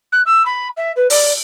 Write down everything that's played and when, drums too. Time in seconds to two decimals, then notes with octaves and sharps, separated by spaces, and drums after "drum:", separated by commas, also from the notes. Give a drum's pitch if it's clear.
0.12 F#6
0.26 E6
0.45 B5
0.77 E5
0.96 B4
1.10 D5, drum: open hi-hat